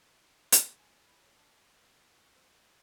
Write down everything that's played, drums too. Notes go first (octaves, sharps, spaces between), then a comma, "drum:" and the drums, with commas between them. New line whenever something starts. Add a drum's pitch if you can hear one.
drum: hi-hat
G#5
C#4
B4
C#5
D4
G3
G3
D#3
F#4
C4
D#4